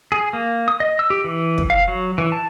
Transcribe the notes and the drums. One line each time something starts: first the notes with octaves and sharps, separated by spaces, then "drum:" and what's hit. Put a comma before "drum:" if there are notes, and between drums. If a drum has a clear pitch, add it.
G#4
A#3
D#6
D#5
E6
G4
E3
drum: kick
F5
F#3
E3
A5